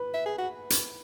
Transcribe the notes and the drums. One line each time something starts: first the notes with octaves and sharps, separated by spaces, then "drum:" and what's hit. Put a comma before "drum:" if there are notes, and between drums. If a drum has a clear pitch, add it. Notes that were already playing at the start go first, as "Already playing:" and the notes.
Already playing: B4
E5
G#4
F#4
drum: hi-hat